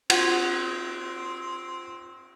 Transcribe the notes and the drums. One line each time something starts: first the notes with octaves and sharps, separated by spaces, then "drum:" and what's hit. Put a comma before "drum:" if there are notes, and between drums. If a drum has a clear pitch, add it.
C4 F4 F#4 C5 F#5, drum: cymbal